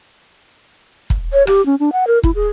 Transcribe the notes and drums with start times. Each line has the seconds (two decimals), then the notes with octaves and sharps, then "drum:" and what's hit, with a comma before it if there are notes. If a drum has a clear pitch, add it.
1.10 drum: kick
1.33 C#5
1.47 G4, drum: rim click
1.66 C#4
1.80 D4
1.92 F#5
2.07 A#4
2.23 E4, drum: kick
2.35 G#4